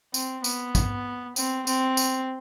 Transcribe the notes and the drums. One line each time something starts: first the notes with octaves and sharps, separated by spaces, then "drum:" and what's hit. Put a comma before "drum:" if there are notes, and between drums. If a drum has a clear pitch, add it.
C4, drum: tambourine
B3, drum: tambourine
drum: kick A1, tambourine
C4, drum: tambourine
C4, drum: tambourine
drum: tambourine